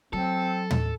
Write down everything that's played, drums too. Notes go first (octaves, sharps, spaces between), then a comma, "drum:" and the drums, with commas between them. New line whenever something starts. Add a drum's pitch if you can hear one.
F#3 C4 A4
drum: tom